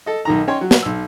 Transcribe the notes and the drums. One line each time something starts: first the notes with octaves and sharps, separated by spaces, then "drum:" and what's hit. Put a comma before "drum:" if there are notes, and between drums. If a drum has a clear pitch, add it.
A4 D#5
B1 D#3 A#5
C#4 D#4 C#5 G5 C6
F#3
drum: snare
B1 E6